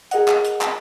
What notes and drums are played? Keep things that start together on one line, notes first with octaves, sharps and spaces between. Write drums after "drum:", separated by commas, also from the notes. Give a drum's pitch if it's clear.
G#4 A#4 D#5 F#5, drum: hi-hat
drum: clap
drum: hi-hat
drum: clap